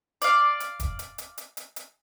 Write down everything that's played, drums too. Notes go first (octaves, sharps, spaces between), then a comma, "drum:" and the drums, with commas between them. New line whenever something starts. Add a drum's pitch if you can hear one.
D5 F5, drum: hi-hat
drum: hi-hat
drum: kick, hi-hat
drum: hi-hat
drum: hi-hat
drum: hi-hat
drum: hi-hat
drum: hi-hat